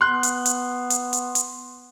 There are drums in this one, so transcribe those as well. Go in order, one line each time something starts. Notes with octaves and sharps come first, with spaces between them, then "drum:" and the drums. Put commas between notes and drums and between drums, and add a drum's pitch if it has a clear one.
B3 C6 F#6
drum: hi-hat
drum: hi-hat
drum: hi-hat
drum: hi-hat
drum: hi-hat